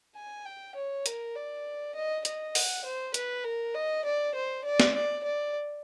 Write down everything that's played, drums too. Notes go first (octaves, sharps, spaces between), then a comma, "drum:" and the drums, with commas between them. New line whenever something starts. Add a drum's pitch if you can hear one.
G#5
G5
C#5
A#4, drum: hi-hat
D5
D#5
D#5, drum: hi-hat
F#5, drum: open hi-hat
C5
B4, drum: hi-hat
A#4
D#5
D5
C5
D5
drum: snare
D5
D5